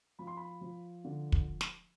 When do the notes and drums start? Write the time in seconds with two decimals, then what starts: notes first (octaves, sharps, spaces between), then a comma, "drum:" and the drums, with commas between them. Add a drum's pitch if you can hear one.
0.19 F3 B5
0.27 C6
0.37 B5
0.61 F3
1.05 D3
1.32 drum: kick
1.61 drum: snare